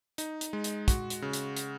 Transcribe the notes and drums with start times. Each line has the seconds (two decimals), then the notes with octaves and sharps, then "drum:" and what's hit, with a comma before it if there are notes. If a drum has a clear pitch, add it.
0.18 D#4, drum: hi-hat
0.41 drum: hi-hat
0.53 G#3
0.64 drum: hi-hat
0.88 F#4, drum: kick, hi-hat
1.10 drum: hi-hat
1.22 C#3
1.33 drum: hi-hat
1.57 drum: hi-hat